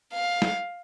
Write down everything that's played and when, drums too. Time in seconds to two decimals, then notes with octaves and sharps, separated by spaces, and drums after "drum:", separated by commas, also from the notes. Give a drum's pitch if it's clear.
0.13 F5
0.42 drum: snare